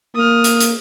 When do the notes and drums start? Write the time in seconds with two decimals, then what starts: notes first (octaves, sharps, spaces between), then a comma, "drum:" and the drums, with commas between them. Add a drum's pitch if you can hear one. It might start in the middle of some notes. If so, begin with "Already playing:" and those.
0.16 A#3 D#6 F6
0.44 drum: hi-hat
0.60 drum: hi-hat